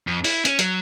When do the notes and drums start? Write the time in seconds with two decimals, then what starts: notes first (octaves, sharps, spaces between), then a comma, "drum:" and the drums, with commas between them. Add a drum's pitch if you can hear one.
0.07 F2
0.24 E4, drum: open hi-hat
0.45 C#4, drum: hi-hat
0.59 F#3, drum: hi-hat